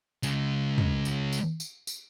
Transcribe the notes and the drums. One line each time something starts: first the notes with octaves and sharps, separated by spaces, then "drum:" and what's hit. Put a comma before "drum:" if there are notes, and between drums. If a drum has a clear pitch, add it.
C#3 G#3, drum: tambourine
drum: tom
drum: tambourine
drum: tambourine
drum: tambourine
drum: tambourine